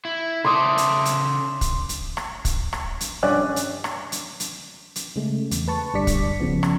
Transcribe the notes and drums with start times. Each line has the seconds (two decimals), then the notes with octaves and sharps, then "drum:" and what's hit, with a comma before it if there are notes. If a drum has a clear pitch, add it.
0.05 E4
0.44 C#3 A4 E5 C6 D6 D#6
0.78 drum: hi-hat
1.05 drum: hi-hat
1.61 drum: kick, hi-hat
1.89 drum: hi-hat
2.17 drum: rim click
2.45 drum: kick, hi-hat
2.73 drum: rim click
3.01 drum: hi-hat
3.23 G2 C#4 D5 G#5 F#6
3.56 drum: hi-hat
3.84 drum: rim click
4.12 drum: hi-hat
4.40 drum: hi-hat
4.96 drum: hi-hat
5.16 C#3 G#3 A3
5.51 E2, drum: hi-hat
5.68 B4 A5 C#6
5.94 G1 D3 G3 D5 B6 C#7
6.07 drum: kick, hi-hat
6.40 C#3 F3 B3
6.63 drum: rim click